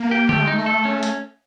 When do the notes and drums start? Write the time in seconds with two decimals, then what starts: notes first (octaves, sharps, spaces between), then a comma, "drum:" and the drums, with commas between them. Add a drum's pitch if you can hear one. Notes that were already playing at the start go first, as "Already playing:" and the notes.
Already playing: A#3
0.11 G4
0.29 A3 G4, drum: tom D3
0.41 G#3
0.47 D#4
0.53 A3
0.66 A4
0.85 C#4
1.03 drum: hi-hat